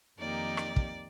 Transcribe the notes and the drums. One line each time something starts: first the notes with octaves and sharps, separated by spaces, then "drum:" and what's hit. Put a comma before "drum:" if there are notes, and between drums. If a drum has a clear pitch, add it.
F2 D#3 A#3 D#4 G4 D5
drum: rim click
drum: kick